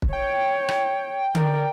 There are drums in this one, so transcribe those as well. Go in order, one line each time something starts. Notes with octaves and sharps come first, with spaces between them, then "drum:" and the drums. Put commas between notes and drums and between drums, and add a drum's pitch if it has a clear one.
drum: kick
C#5 G5
drum: rim click
A#4 D5, drum: tom D3